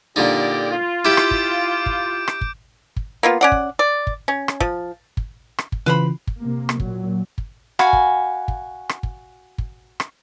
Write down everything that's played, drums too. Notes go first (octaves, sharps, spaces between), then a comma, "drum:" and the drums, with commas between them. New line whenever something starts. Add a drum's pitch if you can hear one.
A#2 D3 D#4 G4 D5
F4
E4 G4 D6 G6 D7
drum: rim click
drum: kick
drum: kick
drum: rim click
drum: kick
drum: kick
A#3 B3 F4
C#4 D5 F#5
drum: kick
D5
drum: kick
C#4
drum: rim click
F3, drum: kick
drum: kick
drum: rim click
drum: kick
C#3 E3 F4 B4 C5 B5
drum: kick
C3 A#3
drum: rim click
A#2 F#3, drum: kick
drum: kick
F#4 F5 G#5 B5, drum: rim click
drum: kick
drum: kick
drum: rim click
drum: kick
drum: kick
drum: rim click